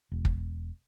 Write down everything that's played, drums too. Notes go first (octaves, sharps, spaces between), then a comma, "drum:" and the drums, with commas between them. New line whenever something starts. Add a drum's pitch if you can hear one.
E1
drum: kick